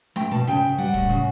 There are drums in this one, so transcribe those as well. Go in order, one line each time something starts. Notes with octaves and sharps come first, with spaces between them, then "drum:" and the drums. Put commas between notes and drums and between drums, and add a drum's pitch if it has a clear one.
A3 G5, drum: rim click
B2 A5
C#3 G5
C#3
G3 F#5
A2, drum: kick
C#3